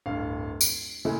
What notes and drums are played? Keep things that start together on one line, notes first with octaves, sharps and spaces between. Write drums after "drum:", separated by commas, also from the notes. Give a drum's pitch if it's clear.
D1 G2 F5
D7, drum: tambourine
A#2 C#3 G#3 A3 E4